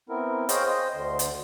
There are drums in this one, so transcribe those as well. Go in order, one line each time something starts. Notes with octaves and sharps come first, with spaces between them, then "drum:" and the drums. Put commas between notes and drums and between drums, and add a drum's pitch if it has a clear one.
B3 C4 E4 A#4
G#4 C5 C#5 D#5 F5 G5, drum: hi-hat
C5 D#5
D2 D3 C6
drum: hi-hat